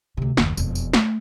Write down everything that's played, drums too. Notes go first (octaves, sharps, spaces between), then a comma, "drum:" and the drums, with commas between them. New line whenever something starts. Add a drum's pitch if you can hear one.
D2 C3
F#1 D#2, drum: snare
E1 F2, drum: tambourine
drum: tambourine
A3, drum: snare